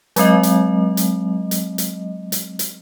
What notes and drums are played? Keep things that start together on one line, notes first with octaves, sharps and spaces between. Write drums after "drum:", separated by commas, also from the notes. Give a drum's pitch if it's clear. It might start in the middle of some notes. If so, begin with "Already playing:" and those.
F#3 G#3 C4 D#5, drum: hi-hat
drum: hi-hat
drum: hi-hat
drum: hi-hat
drum: hi-hat
drum: hi-hat
drum: hi-hat